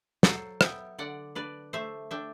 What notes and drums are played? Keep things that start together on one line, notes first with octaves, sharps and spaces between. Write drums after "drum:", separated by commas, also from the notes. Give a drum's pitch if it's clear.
F#3 A4 C5, drum: snare
B3 E5 G5, drum: rim click
D3 D5 F#5
D4 B4 D5
A3 C5 E5
D4 E5 G5